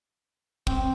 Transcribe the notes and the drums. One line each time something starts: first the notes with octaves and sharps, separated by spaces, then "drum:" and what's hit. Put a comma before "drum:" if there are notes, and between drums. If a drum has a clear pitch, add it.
C4, drum: kick